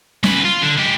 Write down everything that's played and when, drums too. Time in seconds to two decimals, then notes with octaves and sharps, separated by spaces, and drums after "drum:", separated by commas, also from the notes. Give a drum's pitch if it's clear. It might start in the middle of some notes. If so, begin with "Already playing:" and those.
0.24 C#3 B4, drum: snare
0.45 F4
0.63 D3
0.78 G#3 G4